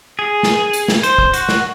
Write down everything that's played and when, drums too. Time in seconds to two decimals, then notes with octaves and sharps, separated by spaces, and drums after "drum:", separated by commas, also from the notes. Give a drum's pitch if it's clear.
0.19 G#4
0.43 drum: snare
0.73 drum: hi-hat
0.88 drum: snare
1.03 C5, drum: hi-hat
1.18 drum: kick
1.33 F#4, drum: hi-hat
1.49 drum: snare